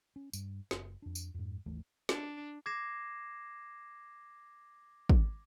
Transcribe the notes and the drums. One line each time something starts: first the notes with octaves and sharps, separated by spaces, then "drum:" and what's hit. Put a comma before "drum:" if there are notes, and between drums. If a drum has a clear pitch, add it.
C#4
G2, drum: tambourine
F#1, drum: snare
F2 D4
drum: tambourine
F2 G#2
G#1 D#2 E3 A3
D4, drum: snare
D6 G#6 A#6 C7 E7
drum: kick